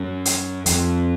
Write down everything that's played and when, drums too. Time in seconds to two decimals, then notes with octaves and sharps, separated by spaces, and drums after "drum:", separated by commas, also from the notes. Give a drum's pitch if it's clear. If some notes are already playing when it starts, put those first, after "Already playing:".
Already playing: F#2
0.25 drum: hi-hat
0.66 F2, drum: hi-hat